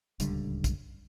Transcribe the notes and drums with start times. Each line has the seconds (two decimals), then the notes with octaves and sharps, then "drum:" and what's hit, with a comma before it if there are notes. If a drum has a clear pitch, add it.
0.20 D1 C#2 D3 G3, drum: hi-hat
0.64 drum: kick, hi-hat